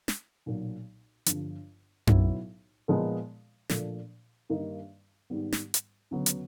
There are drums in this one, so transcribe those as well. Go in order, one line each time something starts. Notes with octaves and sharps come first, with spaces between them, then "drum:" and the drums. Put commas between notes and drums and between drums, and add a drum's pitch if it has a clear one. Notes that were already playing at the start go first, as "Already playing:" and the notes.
drum: snare
B1 A#2 F#3
G1 G2 D3 F3, drum: hi-hat
B1 A2 F#3 B3 E4, drum: tom F#2
A#2 F3 G#3 B3 D#4
A#2 F3 A3 D4, drum: snare
G2 D#3 G3 A#3 D#4
G#2 D#3 G3 B3
drum: snare
drum: hi-hat
D2 C#3 F#3 B3
drum: hi-hat